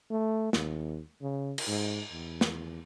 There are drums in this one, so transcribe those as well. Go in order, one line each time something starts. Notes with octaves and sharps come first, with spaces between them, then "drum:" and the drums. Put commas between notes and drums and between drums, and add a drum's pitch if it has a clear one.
A3
D#2, drum: snare
C#3
drum: cymbal
G#2
E2
drum: snare